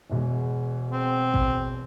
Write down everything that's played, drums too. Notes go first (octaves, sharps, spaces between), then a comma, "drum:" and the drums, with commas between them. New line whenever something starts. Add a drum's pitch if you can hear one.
E1 E2 B2 G#3
C4
drum: kick A1